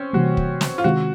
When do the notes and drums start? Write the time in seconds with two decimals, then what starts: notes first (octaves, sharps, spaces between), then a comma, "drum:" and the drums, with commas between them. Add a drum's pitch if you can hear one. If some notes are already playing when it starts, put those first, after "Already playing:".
Already playing: C4 C#4
0.13 C3 E3 G3 A#3 F#4
0.37 drum: kick
0.61 drum: snare
0.78 F4
0.84 C3 D#3 G#3 C4 F#4